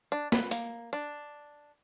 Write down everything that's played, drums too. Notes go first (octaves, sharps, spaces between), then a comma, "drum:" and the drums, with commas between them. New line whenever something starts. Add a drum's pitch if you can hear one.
D4
B4, drum: snare
A#3, drum: hi-hat
D4